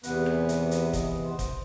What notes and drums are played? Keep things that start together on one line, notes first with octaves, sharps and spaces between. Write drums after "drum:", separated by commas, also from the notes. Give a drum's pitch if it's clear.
E2 C3 E3 B3 B4, drum: hi-hat
drum: rim click
drum: hi-hat
drum: hi-hat
D#5, drum: kick, hi-hat
C5
drum: kick, hi-hat